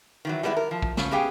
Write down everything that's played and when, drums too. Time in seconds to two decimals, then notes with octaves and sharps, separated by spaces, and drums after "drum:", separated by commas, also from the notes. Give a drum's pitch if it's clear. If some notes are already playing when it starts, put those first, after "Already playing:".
0.25 D#3 E3 F#3
0.43 G3 G#3 B3 D4 E4
0.57 A#4
0.71 F3
0.82 drum: kick
0.97 C#3 C#4, drum: snare
1.11 B3 C#4 G4 G#4 F5 G5